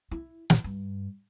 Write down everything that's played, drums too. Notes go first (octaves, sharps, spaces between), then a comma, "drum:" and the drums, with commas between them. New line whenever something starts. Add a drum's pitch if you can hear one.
E4
drum: snare
G2